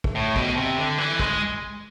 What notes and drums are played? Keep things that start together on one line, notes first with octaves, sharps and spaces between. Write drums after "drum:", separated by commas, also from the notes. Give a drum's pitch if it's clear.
drum: kick
A2
B2, drum: kick
C3
D3
E3
G#3, drum: kick